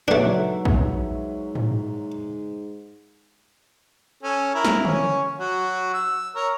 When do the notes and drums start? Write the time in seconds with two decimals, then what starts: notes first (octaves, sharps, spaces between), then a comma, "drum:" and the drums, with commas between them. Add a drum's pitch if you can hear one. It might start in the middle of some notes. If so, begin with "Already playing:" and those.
0.08 G#2 F#3 A3 D4 B4 C#5 E5
0.65 drum: kick A#1
1.55 drum: tom G#2
4.23 C#4 A4
4.55 E4 A#4
4.65 drum: snare
4.85 C#4 C#5, drum: tom
5.39 F#3 F#4
5.93 E6
6.36 A#4 C#5